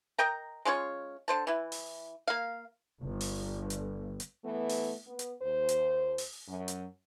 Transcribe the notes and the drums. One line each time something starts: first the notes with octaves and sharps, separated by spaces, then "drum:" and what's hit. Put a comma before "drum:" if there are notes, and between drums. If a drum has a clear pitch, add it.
A#4 D#5 G5 A#5
G#3 C#4 F4 C#5
D3 C5 A5
E3 E4
drum: open hi-hat
A#3 F5
G1
drum: open hi-hat
drum: hi-hat
drum: hi-hat
E3 A3 B3
drum: open hi-hat
B3
drum: hi-hat
D#2 C5
drum: hi-hat
drum: open hi-hat
F#2
drum: hi-hat